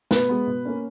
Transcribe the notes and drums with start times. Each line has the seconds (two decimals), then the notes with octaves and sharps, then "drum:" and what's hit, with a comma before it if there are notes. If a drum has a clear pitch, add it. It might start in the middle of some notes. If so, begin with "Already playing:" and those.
0.11 B2 B4, drum: snare
0.29 G#3 B3
0.47 B2
0.65 A#3 C#4